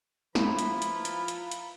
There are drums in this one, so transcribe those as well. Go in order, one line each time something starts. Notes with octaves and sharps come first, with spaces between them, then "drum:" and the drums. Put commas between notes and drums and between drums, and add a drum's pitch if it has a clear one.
F3 E4 F4 B4 A#5 B5, drum: snare
drum: hi-hat
drum: hi-hat
drum: hi-hat
drum: hi-hat
drum: hi-hat